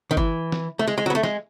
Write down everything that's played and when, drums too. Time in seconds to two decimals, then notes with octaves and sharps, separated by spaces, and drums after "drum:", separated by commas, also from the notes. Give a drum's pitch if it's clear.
0.11 D#3
0.17 E3, drum: kick G1
0.52 drum: snare
0.79 A3
0.87 G#3, drum: tambourine
0.98 G#3
1.06 F#3
1.10 B3
1.15 A3
1.23 G#3, drum: snare